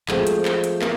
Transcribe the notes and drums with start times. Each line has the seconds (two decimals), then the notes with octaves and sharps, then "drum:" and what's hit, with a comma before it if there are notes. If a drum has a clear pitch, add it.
0.08 F3 G#3 A3 C4, drum: clap
0.27 drum: hi-hat
0.45 drum: clap
0.64 drum: hi-hat
0.82 A#3, drum: clap